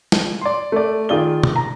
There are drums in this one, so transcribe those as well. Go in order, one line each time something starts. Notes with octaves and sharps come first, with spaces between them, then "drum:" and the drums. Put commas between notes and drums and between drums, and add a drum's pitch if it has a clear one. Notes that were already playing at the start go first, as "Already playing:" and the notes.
drum: snare
D5 C6
A3 D5
D#3 F4 G#4 D5 G7
drum: tom
A#5